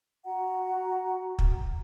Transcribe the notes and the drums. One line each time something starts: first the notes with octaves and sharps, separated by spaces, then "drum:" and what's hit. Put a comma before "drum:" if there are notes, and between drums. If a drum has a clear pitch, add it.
F#4 F#5 A#5
drum: kick